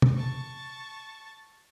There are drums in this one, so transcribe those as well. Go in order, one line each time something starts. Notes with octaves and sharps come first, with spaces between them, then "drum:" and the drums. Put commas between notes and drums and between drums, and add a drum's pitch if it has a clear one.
drum: tom
A5 C#6